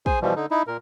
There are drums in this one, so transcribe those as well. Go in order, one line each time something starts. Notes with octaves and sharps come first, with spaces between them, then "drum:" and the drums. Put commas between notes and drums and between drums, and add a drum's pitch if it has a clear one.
G#4 C5 G#5, drum: kick
B2 E3 F3 G3
D3 D#4
D#4 E4
A#2 A#4